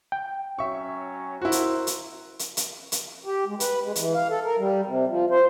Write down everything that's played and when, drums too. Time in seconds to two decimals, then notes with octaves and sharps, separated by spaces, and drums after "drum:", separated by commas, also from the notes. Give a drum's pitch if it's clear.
0.12 G5
0.59 F#3 C#4 E5 C#6
1.41 E4 F#4 A#4 C5
1.52 drum: hi-hat
1.87 drum: hi-hat
2.39 drum: hi-hat
2.57 drum: hi-hat
2.92 drum: hi-hat
3.25 G4
3.46 G#3
3.60 B4, drum: hi-hat
3.84 G#3
3.96 E3, drum: hi-hat
4.14 F5
4.30 A4
4.44 A#4
4.58 G3
4.86 C3
5.08 F3
5.30 C5